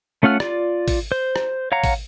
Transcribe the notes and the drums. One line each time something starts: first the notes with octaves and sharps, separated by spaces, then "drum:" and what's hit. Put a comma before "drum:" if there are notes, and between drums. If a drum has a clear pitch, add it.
A3 C#4 F4 F#5 F6
F4 D5, drum: rim click
drum: kick, open hi-hat
C5
drum: rim click
C#5 F5 F#5 A#5
drum: kick, open hi-hat